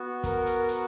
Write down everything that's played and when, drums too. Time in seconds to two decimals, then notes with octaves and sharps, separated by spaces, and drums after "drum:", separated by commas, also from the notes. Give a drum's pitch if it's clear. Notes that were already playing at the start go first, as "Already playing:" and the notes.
Already playing: B3 F#4
0.24 A#4, drum: kick, hi-hat
0.46 drum: hi-hat
0.69 drum: hi-hat